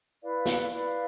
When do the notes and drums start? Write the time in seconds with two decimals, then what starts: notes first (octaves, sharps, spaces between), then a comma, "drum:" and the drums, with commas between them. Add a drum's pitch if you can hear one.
0.21 E4 B4 D5 F5
0.46 drum: snare
0.69 E4 B4 D5 F5